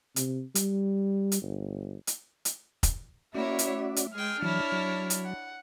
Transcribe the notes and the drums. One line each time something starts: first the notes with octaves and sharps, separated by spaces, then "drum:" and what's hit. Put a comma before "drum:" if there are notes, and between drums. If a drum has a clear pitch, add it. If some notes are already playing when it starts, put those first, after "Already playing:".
C3, drum: hi-hat
G3, drum: hi-hat
drum: hi-hat
G1
drum: hi-hat
drum: hi-hat
drum: kick, hi-hat
A#3 C#4 E4 F#4 C#5 D5 E5
drum: hi-hat
A3
drum: hi-hat
G#3 G#4 G5 F6
E3 F#3 D4 E4 C#5
F#3
drum: hi-hat
F#5